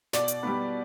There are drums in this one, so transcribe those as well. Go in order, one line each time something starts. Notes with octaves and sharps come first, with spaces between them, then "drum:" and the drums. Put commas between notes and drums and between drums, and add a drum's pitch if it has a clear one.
B2 D5, drum: snare
drum: hi-hat
G3 B3